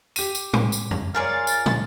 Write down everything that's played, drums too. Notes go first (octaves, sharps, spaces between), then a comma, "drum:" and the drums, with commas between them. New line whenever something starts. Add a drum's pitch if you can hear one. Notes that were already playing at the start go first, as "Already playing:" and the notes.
G4 D#7, drum: tambourine
drum: tambourine
drum: tom A2
drum: tambourine
drum: tom F2
F4 G#4 A#4 C#5 D5 F5 A6
drum: tambourine
drum: tom